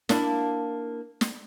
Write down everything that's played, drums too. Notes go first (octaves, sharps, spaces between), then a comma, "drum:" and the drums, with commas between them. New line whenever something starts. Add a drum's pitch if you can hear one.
A#3 D4 E4, drum: snare
drum: snare